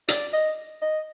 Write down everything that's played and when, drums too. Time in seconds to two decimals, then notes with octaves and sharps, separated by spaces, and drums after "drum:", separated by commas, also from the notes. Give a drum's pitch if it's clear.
0.08 D5, drum: hi-hat
0.33 D#5
0.82 D#5